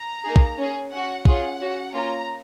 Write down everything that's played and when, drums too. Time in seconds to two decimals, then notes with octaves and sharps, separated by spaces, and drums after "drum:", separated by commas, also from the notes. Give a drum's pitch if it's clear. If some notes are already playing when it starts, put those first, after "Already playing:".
Already playing: A#5
0.24 A#3 D#4 G#4
0.36 drum: kick
0.57 C#4 G#4
0.92 C#4 F#4 F#5
1.25 C#4 F4 G#4 F#5, drum: kick
1.60 C#4 F#4
1.93 A#3 C#4 F4 A#5